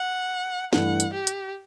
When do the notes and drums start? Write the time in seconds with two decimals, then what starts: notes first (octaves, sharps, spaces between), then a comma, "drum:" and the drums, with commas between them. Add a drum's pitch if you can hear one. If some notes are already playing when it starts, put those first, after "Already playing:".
Already playing: F#5
0.73 G2 E3 A3 F#5, drum: snare
1.00 drum: hi-hat
1.13 G4
1.27 drum: hi-hat